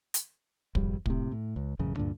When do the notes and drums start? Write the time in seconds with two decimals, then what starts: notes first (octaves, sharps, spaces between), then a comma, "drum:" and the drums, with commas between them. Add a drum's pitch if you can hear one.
0.14 drum: hi-hat
0.75 G#1 F2 G3, drum: kick
1.06 A2 C3, drum: kick
1.32 A2
1.56 C#2
1.79 A1 F#2 C#3
1.97 D2 G2 A#2 D3